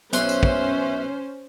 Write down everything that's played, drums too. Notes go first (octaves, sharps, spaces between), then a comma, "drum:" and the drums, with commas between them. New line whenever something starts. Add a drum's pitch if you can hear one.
B1 C#4 B4 C5 E5 C6, drum: hi-hat
drum: tambourine
drum: kick